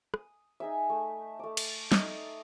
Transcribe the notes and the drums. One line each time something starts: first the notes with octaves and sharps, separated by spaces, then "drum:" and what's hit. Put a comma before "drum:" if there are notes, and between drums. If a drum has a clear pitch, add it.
D#6, drum: rim click
D#4 G#4 E5
A3
A3 D6
drum: cymbal
D#4 D5 D#5, drum: snare